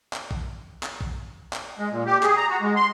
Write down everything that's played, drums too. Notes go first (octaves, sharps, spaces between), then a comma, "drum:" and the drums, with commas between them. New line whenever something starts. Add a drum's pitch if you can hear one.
drum: clap
drum: kick
drum: clap
drum: kick
drum: clap
G#3
A#2
G4
G#4, drum: clap
A#5
F#4
G#3
C6